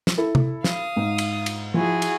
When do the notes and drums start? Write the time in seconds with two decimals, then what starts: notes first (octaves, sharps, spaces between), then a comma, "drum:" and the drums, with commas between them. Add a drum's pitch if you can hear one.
0.07 drum: snare
0.18 E4 A4
0.35 drum: tom
0.64 F5 D#6, drum: snare
0.96 G#2
1.18 drum: cymbal
1.46 drum: cymbal
1.74 F3 E4 F#4 G#4
2.02 drum: cymbal